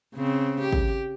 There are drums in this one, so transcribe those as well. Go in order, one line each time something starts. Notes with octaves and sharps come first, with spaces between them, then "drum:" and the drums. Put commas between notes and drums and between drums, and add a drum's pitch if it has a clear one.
C#3 C4
G4
drum: kick